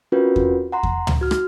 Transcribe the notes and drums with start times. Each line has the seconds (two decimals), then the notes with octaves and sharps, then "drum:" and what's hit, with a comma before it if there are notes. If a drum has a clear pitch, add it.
0.12 C4 C#4 F4 F#4 A#4 B4
0.36 drum: kick E2
0.72 F#5 A#5 C6
0.83 drum: kick E2
1.07 drum: tom
1.21 F#4 F6
1.31 drum: rim click